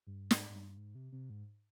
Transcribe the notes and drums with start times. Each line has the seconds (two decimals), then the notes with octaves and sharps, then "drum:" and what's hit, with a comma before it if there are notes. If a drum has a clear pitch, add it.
0.07 G2
0.31 G#2, drum: snare
0.50 G#2
0.54 G2
0.77 G#2
0.95 C3
1.12 C3
1.30 G#2